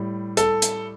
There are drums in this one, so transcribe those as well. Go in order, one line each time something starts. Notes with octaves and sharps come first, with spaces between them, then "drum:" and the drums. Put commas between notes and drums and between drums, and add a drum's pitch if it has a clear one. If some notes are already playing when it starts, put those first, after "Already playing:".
Already playing: A2 G3
A4, drum: hi-hat
drum: hi-hat